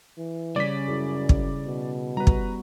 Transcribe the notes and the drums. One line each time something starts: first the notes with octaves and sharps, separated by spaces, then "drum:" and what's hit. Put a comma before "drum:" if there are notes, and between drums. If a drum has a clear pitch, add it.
E3
C#3 G3 C#4 D5 B6
F#2 E4 G#4 A4
drum: kick
B2
G3 B3 F#4 B4 A#5
drum: kick